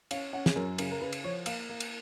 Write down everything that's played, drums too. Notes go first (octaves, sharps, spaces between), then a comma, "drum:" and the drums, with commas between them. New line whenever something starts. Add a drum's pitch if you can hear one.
C#4 F5, drum: cymbal
C#4 F#5
G#4, drum: snare
F#2 A#4
C#3 A#4, drum: cymbal
A#4
C#3 B4
drum: cymbal
F3 C#5
A#3 F5, drum: cymbal
A#3
drum: cymbal